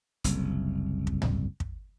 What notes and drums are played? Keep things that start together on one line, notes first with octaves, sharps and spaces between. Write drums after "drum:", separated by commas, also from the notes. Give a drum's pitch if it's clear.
F#1 C2, drum: hi-hat
drum: kick
drum: tom
drum: kick